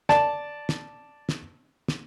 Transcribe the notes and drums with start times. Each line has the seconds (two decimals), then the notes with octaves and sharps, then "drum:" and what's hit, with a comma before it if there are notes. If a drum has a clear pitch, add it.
0.09 D5 A5, drum: snare
0.69 drum: snare
1.29 drum: snare
1.88 drum: snare